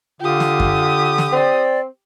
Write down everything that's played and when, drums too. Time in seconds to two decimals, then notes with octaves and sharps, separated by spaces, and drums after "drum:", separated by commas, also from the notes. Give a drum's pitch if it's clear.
0.21 D3 F4 G4 D#6
0.40 drum: snare
0.60 drum: kick F#2
1.18 drum: snare
1.32 C4 D5